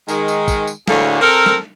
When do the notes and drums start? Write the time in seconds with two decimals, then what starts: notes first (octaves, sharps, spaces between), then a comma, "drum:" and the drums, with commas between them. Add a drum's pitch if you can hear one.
0.08 D#3 G#3, drum: tambourine
0.28 drum: tambourine
0.48 drum: kick, tambourine
0.67 drum: tambourine
0.88 D2 A2 D3 A#3 G#4, drum: snare
1.21 C4 A4 A#4
1.46 drum: snare